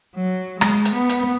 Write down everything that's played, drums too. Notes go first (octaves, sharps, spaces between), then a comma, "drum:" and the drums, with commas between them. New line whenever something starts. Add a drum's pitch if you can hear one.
F#3
G#3, drum: rim click
drum: hi-hat
B3
drum: hi-hat